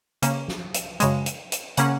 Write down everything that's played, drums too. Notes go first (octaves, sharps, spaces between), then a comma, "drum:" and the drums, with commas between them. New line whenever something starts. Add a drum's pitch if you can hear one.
C#3 A#3 C#4, drum: hi-hat
drum: snare
drum: hi-hat
F#2 C#3 G#3, drum: hi-hat
drum: hi-hat
drum: hi-hat
C#3 A#3 C#4 F#5, drum: hi-hat